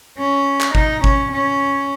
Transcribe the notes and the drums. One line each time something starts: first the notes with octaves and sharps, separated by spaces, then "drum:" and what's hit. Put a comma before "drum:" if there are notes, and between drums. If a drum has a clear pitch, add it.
C#4
drum: clap
D#4, drum: kick G#1
C#4, drum: kick G#1
C#4